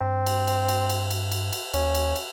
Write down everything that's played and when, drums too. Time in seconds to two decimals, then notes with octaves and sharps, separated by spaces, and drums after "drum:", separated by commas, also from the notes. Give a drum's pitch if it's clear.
0.01 G2 C4
0.26 drum: cymbal
0.47 drum: cymbal
0.68 drum: cymbal
0.89 drum: cymbal
1.10 drum: cymbal
1.31 drum: cymbal
1.53 drum: cymbal
1.74 D#2 C#4, drum: cymbal
1.95 drum: cymbal
2.16 drum: cymbal